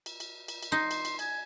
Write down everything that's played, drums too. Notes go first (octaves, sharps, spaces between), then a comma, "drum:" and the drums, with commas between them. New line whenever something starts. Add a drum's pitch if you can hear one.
drum: cymbal
drum: cymbal
drum: cymbal
drum: cymbal
D#4 C6
drum: cymbal
drum: cymbal
G#5, drum: cymbal